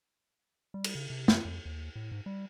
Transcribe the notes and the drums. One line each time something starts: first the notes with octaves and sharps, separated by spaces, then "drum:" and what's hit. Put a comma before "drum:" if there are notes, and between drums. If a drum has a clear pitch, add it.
G3
drum: cymbal
C#3
C3
F#2, drum: snare
F2
D#2
A2
G#2
G3